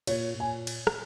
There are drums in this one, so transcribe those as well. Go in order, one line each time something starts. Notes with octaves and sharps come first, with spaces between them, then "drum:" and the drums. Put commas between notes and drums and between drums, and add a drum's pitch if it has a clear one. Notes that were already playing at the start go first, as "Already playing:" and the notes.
A#2 C#5, drum: cymbal
A#2
G#5
drum: cymbal
drum: rim click